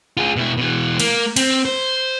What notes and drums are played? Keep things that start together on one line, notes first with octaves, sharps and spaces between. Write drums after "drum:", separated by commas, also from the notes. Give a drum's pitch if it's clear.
F4 G#4
B2 E4
B2 E3
A#3, drum: cymbal
C4, drum: cymbal
C5